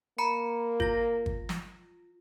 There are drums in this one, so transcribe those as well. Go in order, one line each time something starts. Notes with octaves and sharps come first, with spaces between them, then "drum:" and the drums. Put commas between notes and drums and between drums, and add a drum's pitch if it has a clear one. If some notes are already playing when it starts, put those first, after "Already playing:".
A#3 A#5 B5 C#7
F4 A#6, drum: kick
drum: kick
drum: snare